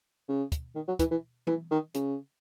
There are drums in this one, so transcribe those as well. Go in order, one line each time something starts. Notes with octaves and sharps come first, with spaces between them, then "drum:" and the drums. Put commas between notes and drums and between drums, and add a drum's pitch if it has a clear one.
C#3
drum: kick, hi-hat
D#3
F#3
E3, drum: kick, hi-hat
E3
E3, drum: tom E3
D#3
C#3, drum: hi-hat